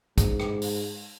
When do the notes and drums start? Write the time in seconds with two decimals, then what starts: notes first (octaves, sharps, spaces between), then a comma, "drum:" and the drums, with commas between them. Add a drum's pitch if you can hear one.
0.18 G#2, drum: kick, hi-hat
0.40 drum: rim click
0.62 drum: open hi-hat